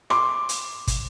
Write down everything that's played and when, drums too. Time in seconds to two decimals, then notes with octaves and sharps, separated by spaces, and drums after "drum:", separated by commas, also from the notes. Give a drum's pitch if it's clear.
0.10 C6 D6, drum: rim click
0.49 drum: hi-hat
0.87 drum: kick, hi-hat